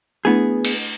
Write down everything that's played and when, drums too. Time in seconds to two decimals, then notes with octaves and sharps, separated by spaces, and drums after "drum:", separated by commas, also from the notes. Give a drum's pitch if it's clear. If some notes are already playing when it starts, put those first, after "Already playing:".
0.25 A3 B3 D4 E4 G#4
0.65 drum: cymbal